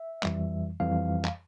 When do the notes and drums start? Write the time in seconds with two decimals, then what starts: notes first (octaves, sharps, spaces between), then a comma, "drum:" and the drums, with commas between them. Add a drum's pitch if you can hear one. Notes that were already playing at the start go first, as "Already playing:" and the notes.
Already playing: E5
0.23 F2 E3 G3, drum: clap
0.80 F2 E3 G3 F5
1.25 drum: clap